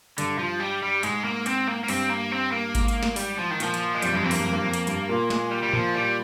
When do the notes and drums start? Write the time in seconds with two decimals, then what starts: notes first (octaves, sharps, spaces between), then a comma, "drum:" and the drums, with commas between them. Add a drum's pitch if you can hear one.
0.18 G2 D3, drum: hi-hat
0.39 F3
0.60 G3
0.82 G3
1.03 G#2 G#3, drum: hi-hat
1.25 A#3
1.46 C4, drum: hi-hat
1.68 A#3
1.84 A#3
1.88 G2 C4, drum: open hi-hat
2.10 A#3
2.32 C4
2.52 A#3
2.75 G#2, drum: kick G#1, hi-hat
2.88 drum: hi-hat
3.03 drum: snare
3.16 G3, drum: open hi-hat
3.38 F3
3.50 D#3
3.60 A#2 F3, drum: hi-hat
3.74 drum: hi-hat
3.95 G#3
4.02 F2 G3, drum: hi-hat
4.12 G2 G#3
4.23 F2 C4
4.31 G2 A#3, drum: open hi-hat
4.41 F2
4.52 G2
4.62 F2
4.73 drum: hi-hat
4.87 G2, drum: hi-hat
5.09 A#2
5.30 G#3, drum: snare
5.51 G3
5.63 G3
5.73 A#2 F3, drum: tom A2
5.95 G3